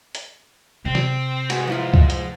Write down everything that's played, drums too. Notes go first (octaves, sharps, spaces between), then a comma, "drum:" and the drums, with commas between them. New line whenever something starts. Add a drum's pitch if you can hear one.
drum: hi-hat
C3 C4
drum: snare
G#2 F#4 G#4, drum: cymbal
F3 E4 F4
drum: kick C#2
drum: hi-hat